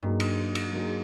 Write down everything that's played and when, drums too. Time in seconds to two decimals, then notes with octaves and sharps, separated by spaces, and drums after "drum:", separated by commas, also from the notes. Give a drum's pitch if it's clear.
0.02 G2 F#3 A#3 D#4 G#4
0.20 drum: cymbal
0.55 drum: cymbal
0.73 F#3 A#3 D#4 G#4